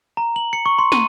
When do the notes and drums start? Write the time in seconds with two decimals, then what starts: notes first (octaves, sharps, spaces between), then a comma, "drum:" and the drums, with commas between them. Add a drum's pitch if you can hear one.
0.17 A#5
0.36 F#7
0.53 C#7
0.66 C#6
0.79 C6
0.92 D#7, drum: snare